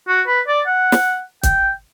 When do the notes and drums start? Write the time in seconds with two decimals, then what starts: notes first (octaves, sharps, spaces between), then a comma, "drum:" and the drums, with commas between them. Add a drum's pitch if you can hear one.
0.08 F#4
0.27 B4
0.48 D5
0.67 F#5
0.92 drum: snare
1.43 G5, drum: kick, hi-hat